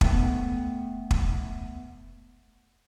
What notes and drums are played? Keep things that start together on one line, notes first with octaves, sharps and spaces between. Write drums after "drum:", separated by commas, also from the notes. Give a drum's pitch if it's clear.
A3 B3 G5, drum: kick
drum: kick